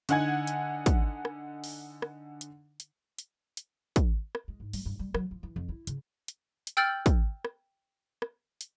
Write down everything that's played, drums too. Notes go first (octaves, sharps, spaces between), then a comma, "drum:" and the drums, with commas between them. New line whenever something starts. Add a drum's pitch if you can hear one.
D3 D#4 F#5 G#5 G#6, drum: hi-hat
drum: hi-hat
drum: kick, hi-hat
drum: rim click
drum: open hi-hat
drum: rim click
drum: hi-hat
drum: hi-hat
drum: hi-hat
drum: hi-hat
drum: kick, hi-hat
drum: rim click
G#3
G#2
G3, drum: open hi-hat
G2
G3
F#3, drum: rim click
F3
E3
F2
E4
C#3, drum: hi-hat
drum: hi-hat
drum: hi-hat
G5 E6 F6 G6 A6 F#7
drum: kick, hi-hat
drum: rim click
drum: rim click
drum: hi-hat